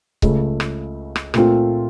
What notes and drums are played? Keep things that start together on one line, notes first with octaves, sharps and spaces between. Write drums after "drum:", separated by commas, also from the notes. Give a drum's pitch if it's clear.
C#2 C#3 A3, drum: kick C#1
drum: rim click
drum: rim click
A#2 A3 C4 F4, drum: rim click